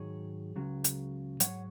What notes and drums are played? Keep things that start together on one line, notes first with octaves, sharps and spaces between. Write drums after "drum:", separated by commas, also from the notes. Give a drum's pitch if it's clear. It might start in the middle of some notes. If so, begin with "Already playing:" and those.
Already playing: G#2 D#3 F#3 G#4 C#5
C#2 C#3 F#3
drum: hi-hat
G#2 F#3 C#5 F#5, drum: hi-hat